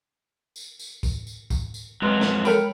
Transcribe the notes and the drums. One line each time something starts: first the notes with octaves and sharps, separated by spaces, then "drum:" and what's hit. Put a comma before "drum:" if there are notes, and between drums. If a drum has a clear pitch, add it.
drum: tambourine
drum: tambourine
drum: kick, tambourine
drum: tambourine
drum: kick, tambourine
drum: tambourine
F2 F#3 G#3 B4 C6
drum: snare
A4 A#4 C#5 G5 B5 D7, drum: tambourine